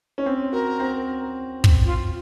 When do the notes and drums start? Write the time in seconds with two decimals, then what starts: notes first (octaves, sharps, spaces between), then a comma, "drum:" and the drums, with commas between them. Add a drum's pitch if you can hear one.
0.18 C#4
0.26 C4
0.52 F#4 A#4
0.80 C4
1.64 drum: kick
1.85 F4